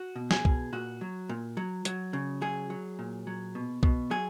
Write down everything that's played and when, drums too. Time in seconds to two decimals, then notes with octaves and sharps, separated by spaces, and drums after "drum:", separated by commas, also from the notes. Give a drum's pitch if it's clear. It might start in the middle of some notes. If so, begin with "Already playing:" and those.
Already playing: F#4
0.16 B2
0.31 G#4, drum: snare
0.45 B2, drum: kick
0.73 A#2 F#4
1.01 F#3
1.29 A#2
1.57 F#3
1.85 F#3, drum: hi-hat
2.13 C#3
2.41 F#3 G#4
2.70 F#3
2.99 A#2
3.27 F#3
3.55 B2
3.83 B2, drum: kick
4.11 F#3 G#4